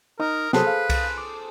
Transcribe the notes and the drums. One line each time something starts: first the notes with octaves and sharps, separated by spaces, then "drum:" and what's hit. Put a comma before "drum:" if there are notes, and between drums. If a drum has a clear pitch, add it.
D#4 A#4 D#6
C3 F#3 G#4 A4 B4 C5, drum: snare
F5
drum: kick C2, cymbal
D6